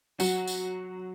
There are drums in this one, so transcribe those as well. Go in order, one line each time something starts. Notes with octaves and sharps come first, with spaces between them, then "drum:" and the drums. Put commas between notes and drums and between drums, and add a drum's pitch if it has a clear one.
F#3 F#4, drum: tambourine
drum: tambourine